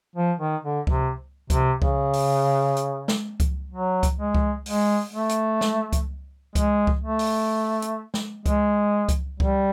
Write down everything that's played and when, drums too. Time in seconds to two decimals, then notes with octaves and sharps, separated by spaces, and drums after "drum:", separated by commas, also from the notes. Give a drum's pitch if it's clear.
0.16 F3
0.40 D#3
0.64 D3
0.87 C3, drum: kick C#2
1.50 C3, drum: kick C#2, hi-hat
1.82 C#3, drum: kick C#2
2.13 drum: open hi-hat
2.77 drum: hi-hat
3.08 drum: snare
3.40 drum: kick C#2, hi-hat
3.71 F#3
4.03 drum: kick C#2, hi-hat
4.18 G#3
4.35 drum: kick C#2
4.66 G#3, drum: open hi-hat
5.13 A3
5.29 drum: hi-hat
5.61 drum: snare
5.93 drum: kick C#2, hi-hat
6.55 G#3, drum: kick C#2, hi-hat
6.87 drum: kick C#2
7.03 A3
7.19 drum: open hi-hat
7.82 drum: hi-hat
8.14 drum: snare
8.46 G#3, drum: kick C#2, hi-hat
9.09 drum: kick C#2, hi-hat
9.40 G3, drum: kick C#2